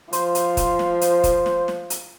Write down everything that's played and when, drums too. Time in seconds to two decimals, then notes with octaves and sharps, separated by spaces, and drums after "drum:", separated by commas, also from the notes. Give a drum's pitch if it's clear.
0.13 F3 C5, drum: hi-hat
0.35 drum: hi-hat
0.57 drum: kick, hi-hat
0.79 drum: snare
1.01 drum: hi-hat
1.24 drum: kick, hi-hat
1.46 drum: snare
1.68 drum: snare
1.90 drum: hi-hat